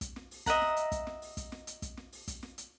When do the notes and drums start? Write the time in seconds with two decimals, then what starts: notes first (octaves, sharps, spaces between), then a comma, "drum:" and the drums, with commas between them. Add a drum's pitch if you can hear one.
0.01 drum: kick, hi-hat
0.16 drum: snare
0.31 drum: open hi-hat
0.46 D#5 E5 F#5 A#5, drum: kick, hi-hat
0.61 drum: snare
0.77 drum: hi-hat
0.92 drum: kick, hi-hat
1.07 drum: snare
1.22 drum: open hi-hat
1.37 drum: kick, hi-hat
1.52 drum: snare
1.67 drum: hi-hat
1.82 drum: kick, hi-hat
1.97 drum: snare
2.12 drum: open hi-hat
2.28 drum: kick, hi-hat
2.43 drum: snare
2.58 drum: hi-hat